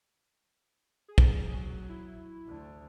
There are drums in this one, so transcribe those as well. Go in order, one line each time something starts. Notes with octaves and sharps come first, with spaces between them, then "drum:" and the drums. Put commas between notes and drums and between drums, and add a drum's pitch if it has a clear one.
G#4
drum: kick B1
F#3
E4
D2 D3